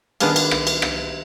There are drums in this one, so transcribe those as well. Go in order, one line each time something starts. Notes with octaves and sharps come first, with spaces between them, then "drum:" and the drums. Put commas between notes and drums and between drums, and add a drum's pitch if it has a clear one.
D#3 G3 B3 D4 G#4 F5, drum: cymbal
drum: cymbal
drum: rim click
drum: cymbal
drum: rim click